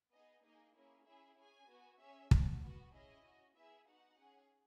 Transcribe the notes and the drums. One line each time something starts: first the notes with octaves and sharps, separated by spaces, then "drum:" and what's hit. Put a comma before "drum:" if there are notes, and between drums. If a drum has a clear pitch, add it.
B3 D#4 G#4 D#5
A#3 D#4 G#4 D#5
A#3 C#4 E4 G#4
C#4 E4 G#4 E5
C#4 G#4 G#5
B3 F#4
C#4 G#4 E5
C#4 F#4, drum: kick
B3 F#4
C#4 E4 G#4 D#5
C#4 F#4
B3 E4 G#4 E5
B3 D#4 F#4 F#5
C#4 G#4